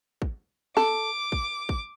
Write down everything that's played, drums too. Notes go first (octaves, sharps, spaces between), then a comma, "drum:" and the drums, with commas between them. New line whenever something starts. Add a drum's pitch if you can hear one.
drum: kick
A4 D6, drum: snare
drum: kick
drum: kick